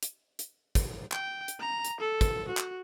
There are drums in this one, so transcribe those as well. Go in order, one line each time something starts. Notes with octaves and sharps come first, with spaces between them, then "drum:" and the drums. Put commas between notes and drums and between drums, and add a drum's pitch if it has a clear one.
drum: hi-hat
drum: hi-hat
drum: kick, hi-hat
G5, drum: clap
drum: hi-hat
A#5
drum: hi-hat
A4
drum: kick, hi-hat
F#4
drum: clap